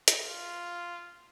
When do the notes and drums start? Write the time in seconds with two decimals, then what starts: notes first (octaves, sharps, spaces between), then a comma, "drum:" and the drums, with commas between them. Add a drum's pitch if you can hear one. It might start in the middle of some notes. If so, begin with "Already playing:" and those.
0.08 drum: hi-hat
0.23 F4